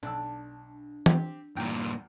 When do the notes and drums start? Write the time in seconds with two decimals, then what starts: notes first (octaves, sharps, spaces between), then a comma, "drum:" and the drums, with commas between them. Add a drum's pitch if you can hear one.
0.03 B1 D4 E6
1.06 C4 G4, drum: tom
1.56 E2 G2 A#2 G5 A#5